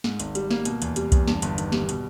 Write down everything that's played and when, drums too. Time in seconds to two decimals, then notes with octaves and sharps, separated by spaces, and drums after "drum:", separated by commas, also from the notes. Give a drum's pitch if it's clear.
0.04 G#2, drum: snare
0.20 G#1, drum: hi-hat
0.35 G3, drum: hi-hat
0.51 A#3, drum: snare
0.65 B2, drum: hi-hat
0.82 E2, drum: hi-hat
0.96 G3, drum: hi-hat
1.12 E2, drum: kick B1, hi-hat
1.28 G2, drum: snare
1.42 G1, drum: hi-hat
1.58 D#3, drum: hi-hat
1.72 G3, drum: snare
1.89 B2, drum: hi-hat